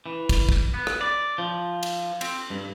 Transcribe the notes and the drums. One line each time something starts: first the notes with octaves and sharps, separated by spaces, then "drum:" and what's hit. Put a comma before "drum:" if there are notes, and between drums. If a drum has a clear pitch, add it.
E3
drum: kick, cymbal
drum: kick
B3
drum: rim click
D5
F3
drum: cymbal
C4, drum: cymbal
G2